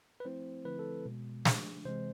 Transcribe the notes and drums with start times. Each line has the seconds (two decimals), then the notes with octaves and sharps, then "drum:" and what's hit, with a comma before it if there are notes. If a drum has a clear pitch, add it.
0.20 B4
0.25 F3 A3 C4 E4 C5
0.65 D3 F3 A3 C4 E4 B4
0.79 A4
1.06 B2 G#3 B3
1.45 F3 A3 D4, drum: snare
1.85 C3 E3 G#3 C4 C5